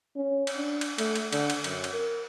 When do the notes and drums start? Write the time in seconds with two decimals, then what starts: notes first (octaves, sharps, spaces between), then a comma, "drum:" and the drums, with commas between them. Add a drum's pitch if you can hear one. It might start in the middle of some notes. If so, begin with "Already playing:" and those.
0.16 C#4
0.47 drum: cymbal
0.56 D4
0.81 drum: cymbal
0.98 A3, drum: cymbal
1.15 drum: cymbal
1.32 D3, drum: cymbal
1.50 drum: cymbal
1.64 F#2, drum: cymbal
1.84 drum: cymbal
1.93 A#4